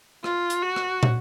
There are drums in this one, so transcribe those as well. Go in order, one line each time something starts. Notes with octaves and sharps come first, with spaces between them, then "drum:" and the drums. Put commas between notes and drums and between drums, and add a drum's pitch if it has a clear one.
F4, drum: rim click
drum: hi-hat
F#4
drum: rim click
drum: tom